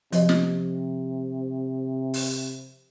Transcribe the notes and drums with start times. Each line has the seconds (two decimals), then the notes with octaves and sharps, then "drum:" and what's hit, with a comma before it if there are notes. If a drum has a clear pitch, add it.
0.13 C3 F3 D#5, drum: hi-hat
0.29 drum: snare
2.14 drum: open hi-hat